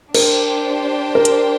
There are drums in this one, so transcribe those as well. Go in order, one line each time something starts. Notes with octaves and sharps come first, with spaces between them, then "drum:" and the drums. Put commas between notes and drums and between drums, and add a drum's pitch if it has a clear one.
D4 G4 A#4 C5 G5, drum: cymbal
A#4
drum: hi-hat